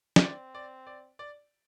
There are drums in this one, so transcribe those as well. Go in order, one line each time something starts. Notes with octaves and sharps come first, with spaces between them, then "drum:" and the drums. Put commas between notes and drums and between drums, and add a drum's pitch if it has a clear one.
E5, drum: snare
C4 D5
D5
D5
D5